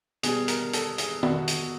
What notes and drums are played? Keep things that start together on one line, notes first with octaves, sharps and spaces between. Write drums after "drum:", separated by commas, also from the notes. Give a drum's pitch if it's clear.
B2 G3 G#4, drum: hi-hat
A#4, drum: hi-hat
A4, drum: hi-hat
G#4, drum: hi-hat
F#4, drum: tom D#3
drum: hi-hat